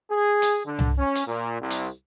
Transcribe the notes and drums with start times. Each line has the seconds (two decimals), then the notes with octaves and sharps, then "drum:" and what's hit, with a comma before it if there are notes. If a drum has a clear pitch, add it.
0.10 G#4
0.42 drum: hi-hat
0.66 D3
0.79 drum: tom C2
0.97 C#4
1.15 drum: hi-hat
1.27 A#2
1.59 C2
1.70 drum: hi-hat